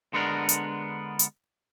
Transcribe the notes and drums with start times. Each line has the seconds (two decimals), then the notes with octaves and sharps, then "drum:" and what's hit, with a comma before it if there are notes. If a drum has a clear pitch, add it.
0.13 D3 G#3 B3 D4 A#4
0.49 drum: hi-hat
1.19 drum: hi-hat